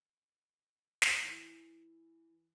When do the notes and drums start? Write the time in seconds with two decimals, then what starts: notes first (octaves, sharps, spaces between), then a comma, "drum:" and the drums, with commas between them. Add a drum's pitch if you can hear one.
1.02 drum: snare
1.23 E3